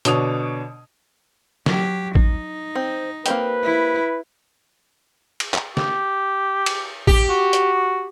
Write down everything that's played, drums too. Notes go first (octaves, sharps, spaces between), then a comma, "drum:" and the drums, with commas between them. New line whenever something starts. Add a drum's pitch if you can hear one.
B2 D3 C#5 D#6 F7, drum: hi-hat
F#3 G4, drum: snare
D#4, drum: kick A1
C4
A#3 C4 G4 B4, drum: hi-hat
E4
drum: cymbal
drum: clap
G4, drum: snare
drum: cymbal
G4, drum: kick A1
F#4
drum: hi-hat